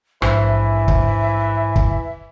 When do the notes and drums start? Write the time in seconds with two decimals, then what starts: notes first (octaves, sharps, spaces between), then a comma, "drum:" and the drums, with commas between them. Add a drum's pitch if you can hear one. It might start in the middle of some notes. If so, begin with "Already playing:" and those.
0.22 A#1 G#2 E3 C5 E5 E6, drum: rim click
0.88 drum: kick
1.76 drum: kick